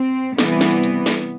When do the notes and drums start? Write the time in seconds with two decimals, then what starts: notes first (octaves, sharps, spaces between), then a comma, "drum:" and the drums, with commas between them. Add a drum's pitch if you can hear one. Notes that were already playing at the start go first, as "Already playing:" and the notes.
Already playing: C4
0.38 C3 E3 G3 B3, drum: snare
0.61 drum: snare
0.83 drum: hi-hat
1.06 drum: snare